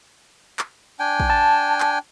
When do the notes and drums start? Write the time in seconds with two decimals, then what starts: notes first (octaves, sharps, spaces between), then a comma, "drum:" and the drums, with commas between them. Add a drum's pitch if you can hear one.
0.59 drum: clap
0.99 D4 G5 G#5
1.20 drum: kick
1.30 A5
1.80 drum: clap